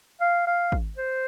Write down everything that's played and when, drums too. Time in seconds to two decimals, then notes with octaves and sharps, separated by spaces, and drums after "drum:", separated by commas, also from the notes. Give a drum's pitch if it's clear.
0.21 F5
0.47 F5
0.72 drum: kick G#1
0.98 C5